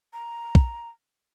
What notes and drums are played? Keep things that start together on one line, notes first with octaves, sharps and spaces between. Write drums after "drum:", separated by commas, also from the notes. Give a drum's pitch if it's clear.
A#5
drum: kick